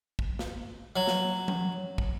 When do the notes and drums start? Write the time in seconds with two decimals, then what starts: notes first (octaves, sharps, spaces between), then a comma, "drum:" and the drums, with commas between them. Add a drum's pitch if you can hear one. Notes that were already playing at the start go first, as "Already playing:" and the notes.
0.19 drum: kick
0.39 drum: snare
0.96 F#3
1.07 drum: snare
1.48 drum: tom F3
1.98 drum: kick